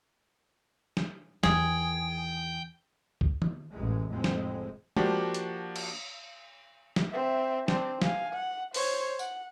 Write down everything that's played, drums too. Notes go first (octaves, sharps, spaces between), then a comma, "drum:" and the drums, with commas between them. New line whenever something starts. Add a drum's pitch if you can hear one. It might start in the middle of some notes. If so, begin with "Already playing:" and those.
drum: snare
E2 D#3 G#4 G5, drum: snare
drum: kick C#2
drum: tom D#3
A1 F#2 E3 G#3
F1 F2 A2 G#3 C4
drum: snare
F3 A#3 D4 F#4 G4, drum: tom G#3
drum: hi-hat
drum: cymbal
drum: snare
C4 E5
C4 D4, drum: snare
F5 G#5, drum: snare
F#5
C5 C#5, drum: open hi-hat
F#5, drum: tambourine